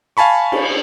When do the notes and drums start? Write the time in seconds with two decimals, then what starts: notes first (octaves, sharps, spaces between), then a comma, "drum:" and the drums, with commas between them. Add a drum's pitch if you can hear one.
0.17 F5 G#5 A5 B5 C#6
0.52 drum: cymbal